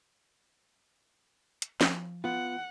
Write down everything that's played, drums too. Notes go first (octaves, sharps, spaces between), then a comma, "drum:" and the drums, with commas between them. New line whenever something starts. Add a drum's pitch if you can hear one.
drum: hi-hat
F3, drum: snare
B3 F4 F#5